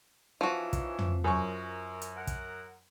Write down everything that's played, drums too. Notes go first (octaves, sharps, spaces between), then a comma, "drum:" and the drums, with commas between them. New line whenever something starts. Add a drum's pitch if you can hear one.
E3 F3 C#4 D#4 F#4
drum: kick, hi-hat
drum: tom
F#2 A#4 C#6
drum: hi-hat
A#4 F#5
drum: kick, hi-hat